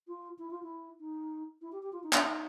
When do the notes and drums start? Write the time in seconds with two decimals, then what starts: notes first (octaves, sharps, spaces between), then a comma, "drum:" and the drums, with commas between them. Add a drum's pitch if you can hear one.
0.07 F4
0.38 E4
0.51 F4
0.63 E4
1.00 D#4
1.61 E4
1.72 G4
1.82 G4
1.93 F4
2.03 D#4
2.13 D4, drum: clap
2.23 D#4